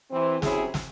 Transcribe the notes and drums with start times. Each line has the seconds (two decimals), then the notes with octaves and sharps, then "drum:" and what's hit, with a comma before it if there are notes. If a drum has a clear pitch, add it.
0.12 C3 E3 C4
0.42 C3 F#3 C#4 E4 G#4, drum: snare
0.74 drum: snare